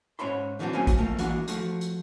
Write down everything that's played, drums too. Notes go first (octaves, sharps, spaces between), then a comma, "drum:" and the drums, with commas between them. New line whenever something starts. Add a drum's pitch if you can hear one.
G#2 C#4 C#5 E5 B5 C6
D#3 E3 F#3 B3 C4 D4
A#2 F#3 C#4 C5 G#5
drum: kick A1, hi-hat
F2 A3 A#3
E3 G#3 A#3 D4 F#4, drum: hi-hat
F3 A3 F#4, drum: hi-hat
drum: hi-hat